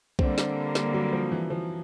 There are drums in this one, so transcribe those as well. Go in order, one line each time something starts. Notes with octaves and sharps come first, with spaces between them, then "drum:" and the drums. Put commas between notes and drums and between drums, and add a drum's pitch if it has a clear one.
D3 G3 A#3 C4, drum: kick B1
drum: snare
drum: snare
F#3
F3
E3
F3